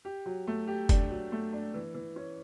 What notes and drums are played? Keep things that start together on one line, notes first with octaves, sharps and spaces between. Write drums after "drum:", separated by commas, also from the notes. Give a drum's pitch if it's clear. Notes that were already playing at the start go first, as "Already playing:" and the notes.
G4
F#3
A3
G4
D4, drum: kick F1, hi-hat
F#3
A3
D4
E3
E3
C#4